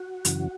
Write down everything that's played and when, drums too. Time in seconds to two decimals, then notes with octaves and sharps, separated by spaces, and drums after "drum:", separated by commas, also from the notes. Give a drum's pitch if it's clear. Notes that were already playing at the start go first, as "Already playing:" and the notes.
Already playing: F#4
0.25 F#2 C#3 E3, drum: hi-hat